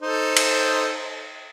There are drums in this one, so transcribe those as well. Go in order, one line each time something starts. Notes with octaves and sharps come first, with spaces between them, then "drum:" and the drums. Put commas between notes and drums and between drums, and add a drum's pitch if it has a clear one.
D#4 A4 C5
drum: cymbal